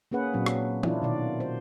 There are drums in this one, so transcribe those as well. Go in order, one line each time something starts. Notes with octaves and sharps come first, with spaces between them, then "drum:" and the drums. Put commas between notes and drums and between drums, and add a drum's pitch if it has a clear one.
A#3 C#4 G#4 B4 F#5
A#2 F#3 C4 D4
drum: rim click
D4 E4 F4, drum: tom E3
B2 D#3 D5
C5